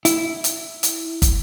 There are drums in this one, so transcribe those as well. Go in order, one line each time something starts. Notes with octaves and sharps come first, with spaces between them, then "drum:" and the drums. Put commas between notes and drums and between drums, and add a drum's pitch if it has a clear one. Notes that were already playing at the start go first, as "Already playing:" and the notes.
E4, drum: hi-hat
drum: hi-hat
drum: hi-hat
drum: kick, hi-hat